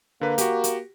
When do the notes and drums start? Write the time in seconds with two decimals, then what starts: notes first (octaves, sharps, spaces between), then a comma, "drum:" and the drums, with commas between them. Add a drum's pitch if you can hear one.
0.21 D3 A#3 B4
0.38 F#4 G4, drum: hi-hat
0.64 drum: hi-hat